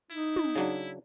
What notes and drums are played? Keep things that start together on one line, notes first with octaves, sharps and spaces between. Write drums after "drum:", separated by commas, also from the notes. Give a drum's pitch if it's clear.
D#4 E4
drum: tom
C#3 F#3 D4